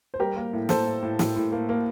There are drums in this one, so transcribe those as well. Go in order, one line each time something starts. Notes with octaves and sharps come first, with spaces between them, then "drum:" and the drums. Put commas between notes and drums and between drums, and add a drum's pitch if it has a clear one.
C5
G3 G4 A#4
A#3
A2
A2 A4 C5, drum: snare
A2
A2
A2, drum: snare
A2
A#3
A#3